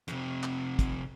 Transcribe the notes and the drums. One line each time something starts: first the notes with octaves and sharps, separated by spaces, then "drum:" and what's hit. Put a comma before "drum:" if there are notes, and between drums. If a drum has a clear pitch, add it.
F2 C3, drum: hi-hat
drum: clap
drum: kick, hi-hat